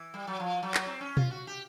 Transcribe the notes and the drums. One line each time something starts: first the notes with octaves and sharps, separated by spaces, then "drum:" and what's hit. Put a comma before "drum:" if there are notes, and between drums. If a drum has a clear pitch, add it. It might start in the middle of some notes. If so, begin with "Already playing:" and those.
Already playing: E3
G3
F#3
F3
F#3
drum: clap
C4
C#4
F4, drum: tom B2
F#4
G4